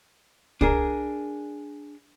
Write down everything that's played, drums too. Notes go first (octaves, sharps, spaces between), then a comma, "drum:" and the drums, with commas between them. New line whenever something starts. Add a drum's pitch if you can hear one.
D4 G#4 A#4, drum: kick